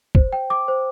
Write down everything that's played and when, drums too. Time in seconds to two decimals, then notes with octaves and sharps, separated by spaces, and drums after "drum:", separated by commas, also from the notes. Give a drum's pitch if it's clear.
0.15 C5, drum: kick
0.33 G5
0.50 D6
0.68 C5